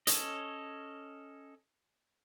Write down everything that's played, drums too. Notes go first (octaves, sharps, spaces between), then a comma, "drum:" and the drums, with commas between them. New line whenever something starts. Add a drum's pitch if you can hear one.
C#4 A4 C#5 D#5, drum: hi-hat